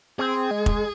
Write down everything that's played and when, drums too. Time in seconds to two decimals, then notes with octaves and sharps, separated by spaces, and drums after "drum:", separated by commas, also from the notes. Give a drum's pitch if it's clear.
0.19 C4 G#4
0.51 G#3
0.66 drum: kick F1